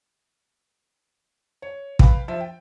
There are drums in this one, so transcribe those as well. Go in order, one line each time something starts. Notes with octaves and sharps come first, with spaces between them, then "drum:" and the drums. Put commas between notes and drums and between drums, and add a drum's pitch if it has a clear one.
C#5
B4 F5 G5 B5, drum: kick
F3 E5
G5